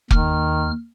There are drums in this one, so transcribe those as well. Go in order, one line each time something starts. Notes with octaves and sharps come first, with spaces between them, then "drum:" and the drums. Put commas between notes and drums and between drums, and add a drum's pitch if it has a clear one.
D#2 D#3 F6, drum: kick F1